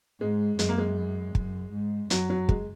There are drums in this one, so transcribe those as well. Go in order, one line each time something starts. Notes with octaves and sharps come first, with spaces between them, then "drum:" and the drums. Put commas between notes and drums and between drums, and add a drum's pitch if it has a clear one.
G#2 G#3
F#2 G#3, drum: hi-hat
A#3
G#3
F#2, drum: kick
G#2
F#2 F#3, drum: hi-hat
F#3
G#3, drum: kick